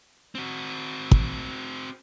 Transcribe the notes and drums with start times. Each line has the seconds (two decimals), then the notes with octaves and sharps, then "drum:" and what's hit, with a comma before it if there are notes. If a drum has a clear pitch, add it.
0.35 C4 F#4
1.11 drum: kick